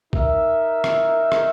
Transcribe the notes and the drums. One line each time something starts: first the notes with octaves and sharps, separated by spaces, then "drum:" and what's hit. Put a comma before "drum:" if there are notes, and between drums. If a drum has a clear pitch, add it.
D#4 A#4 E5, drum: kick
drum: rim click
drum: rim click